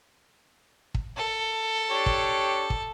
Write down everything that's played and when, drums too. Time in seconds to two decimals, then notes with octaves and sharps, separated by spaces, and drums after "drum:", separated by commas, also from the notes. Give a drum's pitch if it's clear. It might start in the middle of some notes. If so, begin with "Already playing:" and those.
0.94 drum: kick
1.17 A4
1.90 D4 G4 C#5
2.06 drum: kick
2.70 drum: kick